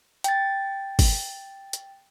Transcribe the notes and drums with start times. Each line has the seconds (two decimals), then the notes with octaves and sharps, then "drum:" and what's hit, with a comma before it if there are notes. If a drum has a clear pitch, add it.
0.24 G5 A6, drum: hi-hat
0.99 drum: kick, open hi-hat
1.73 drum: hi-hat